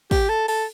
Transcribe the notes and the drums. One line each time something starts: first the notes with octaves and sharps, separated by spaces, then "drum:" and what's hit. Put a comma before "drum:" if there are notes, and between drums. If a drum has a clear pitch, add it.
G4, drum: kick, open hi-hat
A4
A4, drum: open hi-hat